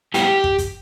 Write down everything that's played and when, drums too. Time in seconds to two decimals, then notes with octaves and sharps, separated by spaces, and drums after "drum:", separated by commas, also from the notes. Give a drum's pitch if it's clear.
0.14 A2 G3 B3 E4 G4, drum: hi-hat
0.44 drum: kick
0.58 drum: kick, hi-hat